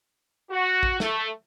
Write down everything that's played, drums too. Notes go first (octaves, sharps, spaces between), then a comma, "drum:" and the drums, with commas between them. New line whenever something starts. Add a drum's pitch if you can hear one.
F#4
drum: kick A1
A3, drum: snare